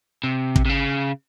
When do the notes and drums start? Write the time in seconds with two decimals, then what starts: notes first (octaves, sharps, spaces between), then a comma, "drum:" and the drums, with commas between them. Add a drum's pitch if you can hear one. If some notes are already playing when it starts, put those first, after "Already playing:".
0.24 C3
0.56 drum: kick
0.65 C3
0.69 C#3